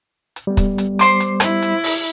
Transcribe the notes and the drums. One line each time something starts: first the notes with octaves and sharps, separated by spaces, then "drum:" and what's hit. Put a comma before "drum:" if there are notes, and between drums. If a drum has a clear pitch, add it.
drum: hi-hat
G3 B3
drum: kick, hi-hat
drum: hi-hat
C5 C6 D6, drum: hi-hat
drum: hi-hat
E4, drum: rim click
drum: hi-hat
drum: open hi-hat